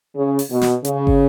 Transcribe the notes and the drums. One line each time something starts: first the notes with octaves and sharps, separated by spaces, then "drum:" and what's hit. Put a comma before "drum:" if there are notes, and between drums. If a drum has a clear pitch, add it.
C#3
drum: open hi-hat
B2
drum: snare
C#3, drum: hi-hat
drum: kick